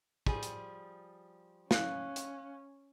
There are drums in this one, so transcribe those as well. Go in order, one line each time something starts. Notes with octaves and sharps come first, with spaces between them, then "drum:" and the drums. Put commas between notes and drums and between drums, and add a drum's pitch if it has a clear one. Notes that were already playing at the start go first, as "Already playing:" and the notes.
F3 G3 G#4, drum: kick
drum: hi-hat
C#4 F5 F#6, drum: snare
drum: hi-hat